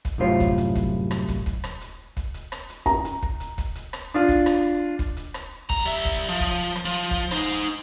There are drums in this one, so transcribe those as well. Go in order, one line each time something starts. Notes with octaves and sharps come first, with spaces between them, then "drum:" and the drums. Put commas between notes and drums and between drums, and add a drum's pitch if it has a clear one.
drum: kick, hi-hat
C2 F#2 A2 F4 C5 C#5
drum: kick, hi-hat
drum: hi-hat
drum: kick, hi-hat
drum: rim click
drum: kick, hi-hat
drum: kick, hi-hat
drum: rim click
drum: hi-hat
drum: kick, hi-hat
drum: hi-hat
drum: rim click
drum: hi-hat
A#5, drum: kick, hi-hat
drum: hi-hat
drum: kick
drum: hi-hat
drum: kick, hi-hat
drum: hi-hat
drum: rim click
D4 F4
drum: kick, hi-hat
drum: rim click
drum: kick, hi-hat
drum: hi-hat
drum: rim click
G2 A#5, drum: kick, hi-hat
G3 E5
drum: kick, hi-hat
F3
drum: kick, hi-hat
drum: hi-hat
drum: rim click
F3
drum: kick, hi-hat
D#4 C5, drum: rim click
drum: hi-hat